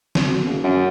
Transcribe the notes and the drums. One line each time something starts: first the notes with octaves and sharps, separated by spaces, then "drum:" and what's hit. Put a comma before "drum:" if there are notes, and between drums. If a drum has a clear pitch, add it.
drum: snare
B2
F#1
F#2